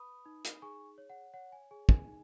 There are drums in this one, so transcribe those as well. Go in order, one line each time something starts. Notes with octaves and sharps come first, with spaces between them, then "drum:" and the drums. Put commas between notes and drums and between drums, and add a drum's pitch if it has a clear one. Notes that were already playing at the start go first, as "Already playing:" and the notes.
Already playing: B4 B5 D#6
D#4
drum: hi-hat
G#4 G#5 C#6
C#5
F#5
C#5 F#5
G#5
G#4 G#5
G#5, drum: kick
D#4